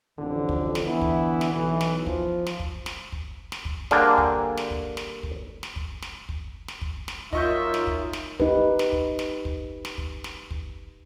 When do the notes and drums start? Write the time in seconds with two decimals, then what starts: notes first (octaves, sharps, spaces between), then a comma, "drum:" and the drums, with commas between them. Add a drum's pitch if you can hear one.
0.18 A1 F2 D3
0.49 drum: kick
0.75 drum: snare
0.85 D3 E3 B3 E4
1.01 drum: kick
1.41 drum: snare
1.50 B1 E3
1.81 drum: snare
2.06 F3, drum: kick
2.46 drum: snare
2.60 drum: kick
2.86 drum: snare
3.12 drum: kick
3.52 drum: snare
3.65 drum: kick
3.91 D3 G3 A#3 D4 G#4 C5, drum: snare
4.18 drum: kick
4.57 drum: snare
4.71 drum: kick
4.97 drum: snare
5.23 drum: kick
5.63 drum: snare
5.76 drum: kick
6.02 drum: snare
6.29 drum: kick
6.68 drum: snare
6.81 drum: kick
7.08 drum: snare
7.33 F#2 D#4 F4 D#5 E5 C#6 G6, drum: kick
7.74 drum: snare
7.87 drum: kick
8.13 drum: snare
8.40 D#4 G4 B4, drum: kick
8.79 drum: snare
8.92 drum: kick
9.19 drum: snare
9.45 drum: kick
9.85 drum: snare
9.98 drum: kick
10.24 drum: snare
10.51 drum: kick